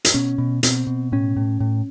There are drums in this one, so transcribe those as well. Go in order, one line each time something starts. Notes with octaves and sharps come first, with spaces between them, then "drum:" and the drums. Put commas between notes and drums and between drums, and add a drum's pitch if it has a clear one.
drum: hi-hat
B2 C#4
B2
B2 C4, drum: hi-hat
B2
A2 C#4
A2
A2